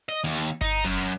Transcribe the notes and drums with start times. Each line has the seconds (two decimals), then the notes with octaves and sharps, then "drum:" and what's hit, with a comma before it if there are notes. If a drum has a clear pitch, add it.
0.09 D#5
0.24 D#2
0.61 D#4, drum: kick G1
0.85 F#2, drum: snare F1